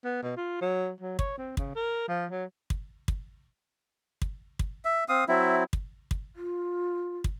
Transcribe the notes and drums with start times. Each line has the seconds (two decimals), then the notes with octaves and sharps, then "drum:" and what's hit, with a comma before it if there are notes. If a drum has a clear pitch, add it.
0.04 B3
0.23 B2
0.37 F4
0.61 F#3
1.01 F#3
1.19 C#5, drum: kick
1.38 C4
1.57 C#3, drum: kick
1.76 A#4
2.09 F3
2.31 F#3
2.70 drum: kick
3.08 drum: kick
4.22 drum: kick
4.59 drum: kick
4.85 E5
5.09 C4 F5 D#6
5.28 F#3 C4 E4 E5
5.73 drum: kick
6.11 drum: kick
6.36 F4
7.24 drum: kick